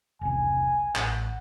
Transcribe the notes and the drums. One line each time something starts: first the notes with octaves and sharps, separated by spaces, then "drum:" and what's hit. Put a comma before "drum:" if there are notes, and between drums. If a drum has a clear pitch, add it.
E1 C2 G#5
A1 F#5, drum: clap